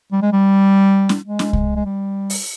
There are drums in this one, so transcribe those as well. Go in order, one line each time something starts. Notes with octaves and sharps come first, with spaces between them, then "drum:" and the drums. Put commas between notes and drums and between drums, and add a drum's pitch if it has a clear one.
G3
G#3
G3
drum: snare
G#3
drum: snare
drum: kick C2
G#3
G3
drum: open hi-hat